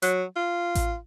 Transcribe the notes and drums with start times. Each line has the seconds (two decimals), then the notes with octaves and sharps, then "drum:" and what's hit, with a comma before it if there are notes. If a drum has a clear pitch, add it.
0.02 F#3, drum: hi-hat
0.36 F4
0.75 drum: kick A1, hi-hat